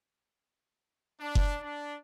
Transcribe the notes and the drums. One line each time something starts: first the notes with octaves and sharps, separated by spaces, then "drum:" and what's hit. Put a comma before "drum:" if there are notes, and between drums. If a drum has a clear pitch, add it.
D4
drum: kick F#1
D4